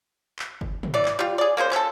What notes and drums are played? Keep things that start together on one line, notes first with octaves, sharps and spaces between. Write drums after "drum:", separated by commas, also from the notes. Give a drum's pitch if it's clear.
drum: clap
drum: kick F#1
drum: tom
E3 D5
drum: clap
G3 F4
G#4 D5
A#3 C#4 G#4 C5
C#4 A4, drum: clap